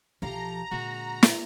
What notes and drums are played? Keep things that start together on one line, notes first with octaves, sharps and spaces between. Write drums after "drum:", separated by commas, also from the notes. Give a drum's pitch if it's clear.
B1 F3 G4 A4 F5 A#5
A#2 D3 G#3 F#4
drum: snare